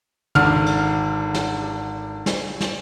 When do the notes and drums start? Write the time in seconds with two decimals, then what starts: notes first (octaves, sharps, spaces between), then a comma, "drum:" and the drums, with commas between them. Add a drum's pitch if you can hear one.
0.35 G#1 D3 F6, drum: tom
0.66 drum: cymbal
1.34 drum: snare
2.26 drum: snare
2.61 drum: snare